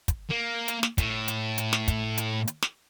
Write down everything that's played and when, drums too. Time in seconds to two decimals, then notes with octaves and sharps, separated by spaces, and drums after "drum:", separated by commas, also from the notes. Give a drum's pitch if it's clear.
0.08 drum: kick, hi-hat
0.30 A#3
0.68 drum: hi-hat
0.83 drum: snare
0.98 A2, drum: kick, hi-hat
1.28 drum: hi-hat
1.58 drum: hi-hat
1.73 drum: snare
1.88 drum: kick, hi-hat
2.18 drum: hi-hat
2.48 drum: hi-hat
2.62 drum: snare